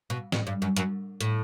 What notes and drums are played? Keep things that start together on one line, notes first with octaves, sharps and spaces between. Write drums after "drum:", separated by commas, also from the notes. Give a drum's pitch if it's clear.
B2
A2, drum: snare
G2
F#2
F#2, drum: hi-hat
A2, drum: hi-hat